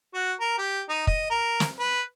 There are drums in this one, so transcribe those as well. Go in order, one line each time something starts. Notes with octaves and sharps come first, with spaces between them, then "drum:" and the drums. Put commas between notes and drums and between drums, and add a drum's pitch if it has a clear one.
F#4
A#4
G4
D#4
D#5, drum: kick
A#4
drum: snare
B4